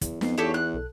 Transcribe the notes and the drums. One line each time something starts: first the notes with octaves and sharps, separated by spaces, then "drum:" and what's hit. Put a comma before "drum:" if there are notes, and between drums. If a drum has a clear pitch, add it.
E2, drum: kick, hi-hat
F2 B3 D#4 C7, drum: snare
E2 G4 A4 C#5
F#6
B1 A4